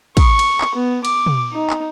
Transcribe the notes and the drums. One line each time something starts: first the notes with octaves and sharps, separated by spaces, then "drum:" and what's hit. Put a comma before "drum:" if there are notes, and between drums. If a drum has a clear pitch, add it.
C#6, drum: kick, cymbal
drum: cymbal
drum: clap
B3
D6, drum: cymbal
drum: tom
D#4
drum: clap